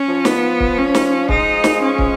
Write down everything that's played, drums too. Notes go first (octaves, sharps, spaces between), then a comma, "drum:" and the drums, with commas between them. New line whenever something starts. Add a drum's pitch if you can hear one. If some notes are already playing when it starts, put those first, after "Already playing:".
Already playing: C#4
F3
B3, drum: snare
drum: kick
C#4
drum: snare
F3 G#3 D#4, drum: kick
drum: snare
C#4
drum: kick